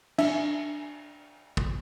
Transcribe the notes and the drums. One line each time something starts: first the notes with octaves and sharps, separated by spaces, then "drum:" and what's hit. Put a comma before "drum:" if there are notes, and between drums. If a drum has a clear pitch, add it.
D4 E5, drum: cymbal
drum: kick